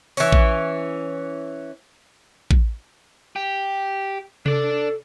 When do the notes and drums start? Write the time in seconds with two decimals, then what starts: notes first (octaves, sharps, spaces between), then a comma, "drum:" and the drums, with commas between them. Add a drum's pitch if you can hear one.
0.17 E3 C#4, drum: open hi-hat
0.32 drum: kick A1
2.51 drum: kick A1
3.36 G4
4.46 D4 A4 D5, drum: tom C3